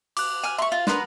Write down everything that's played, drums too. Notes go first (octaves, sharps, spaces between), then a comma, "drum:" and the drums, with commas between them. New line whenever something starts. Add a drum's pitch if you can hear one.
D6 F#6, drum: cymbal
G#5 F6
E5 C6 C#6
F4
B3 D4 A#4 B4 C6, drum: snare